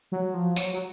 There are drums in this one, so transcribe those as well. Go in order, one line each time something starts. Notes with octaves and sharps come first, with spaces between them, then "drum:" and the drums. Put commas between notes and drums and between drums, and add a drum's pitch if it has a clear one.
F#3
F3
F#3, drum: tambourine
F#3